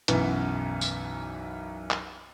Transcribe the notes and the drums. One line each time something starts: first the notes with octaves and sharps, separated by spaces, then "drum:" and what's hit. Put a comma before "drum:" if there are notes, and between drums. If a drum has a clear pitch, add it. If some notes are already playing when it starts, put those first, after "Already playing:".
B1 F#2 E3 B3, drum: hi-hat
drum: tambourine
drum: clap